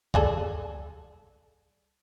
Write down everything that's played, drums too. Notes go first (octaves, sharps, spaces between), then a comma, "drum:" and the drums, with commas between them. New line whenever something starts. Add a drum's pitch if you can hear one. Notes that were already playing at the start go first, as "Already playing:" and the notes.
G3 G#4 A4, drum: kick